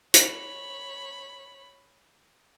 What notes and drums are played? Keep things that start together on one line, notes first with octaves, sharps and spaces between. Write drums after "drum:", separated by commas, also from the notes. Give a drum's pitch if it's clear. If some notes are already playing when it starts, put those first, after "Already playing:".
C#5 B5, drum: hi-hat